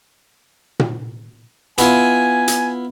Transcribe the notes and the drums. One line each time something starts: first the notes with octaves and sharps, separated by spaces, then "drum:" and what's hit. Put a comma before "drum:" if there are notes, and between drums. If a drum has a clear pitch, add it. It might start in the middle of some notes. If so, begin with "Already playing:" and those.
drum: tom A#2
B3 E4 F4 G#5, drum: hi-hat
drum: hi-hat